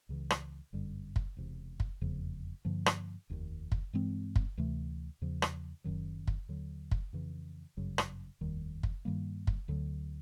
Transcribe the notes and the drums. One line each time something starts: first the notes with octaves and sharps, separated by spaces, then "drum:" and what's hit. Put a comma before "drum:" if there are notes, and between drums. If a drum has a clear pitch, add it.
C#2 C#3 E3
drum: rim click
G1 F#2 D3 G3
drum: kick
E1 E2 C3
drum: kick
F1 E2 C#3 F3
G2 D3 F3 A#3
drum: rim click
F1 D#2 D#3
drum: kick
G2 E3 G#3 C4
drum: kick
D2 C3 E3 A3
E2 C#3 F3
drum: rim click
F#1 F#2 D#3 F#3
drum: kick
D#2 D3 F#3
drum: kick
F2 C#3 E3
G1 F#2 C#3 F#3
drum: rim click
F1 D#2 D#3 G3
drum: kick
G2 D#3 G3 A#3
drum: kick
D2 D3 F#3